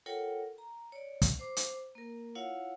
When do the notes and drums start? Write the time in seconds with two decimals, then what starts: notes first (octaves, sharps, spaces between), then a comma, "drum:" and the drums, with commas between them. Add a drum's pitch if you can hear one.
0.06 F4 A4 A#4 C#5 F#5 G5
0.58 A#5
0.92 C#5 D5
1.22 drum: kick, hi-hat
1.39 C5 D6
1.57 drum: hi-hat
1.95 A#3 A#4
2.35 E4 F4 C#5 F5 F#5